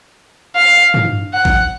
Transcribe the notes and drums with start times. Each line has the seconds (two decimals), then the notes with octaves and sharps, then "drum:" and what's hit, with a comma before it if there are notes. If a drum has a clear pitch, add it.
0.55 F5
0.94 drum: tom
1.34 F#5
1.45 drum: kick